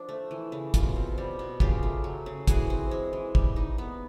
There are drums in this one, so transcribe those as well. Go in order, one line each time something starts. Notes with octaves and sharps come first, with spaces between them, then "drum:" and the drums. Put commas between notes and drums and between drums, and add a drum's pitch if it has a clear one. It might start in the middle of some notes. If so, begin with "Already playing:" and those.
Already playing: F3 D4
A3
E3
C#3
B2 F4, drum: kick, hi-hat
C4
G3
B2
C#3 F4 G4, drum: kick
A3
F#3
C#3
E3 F#4 G#4, drum: kick, hi-hat
C4
G#3
E3
G3, drum: kick
D#4
B3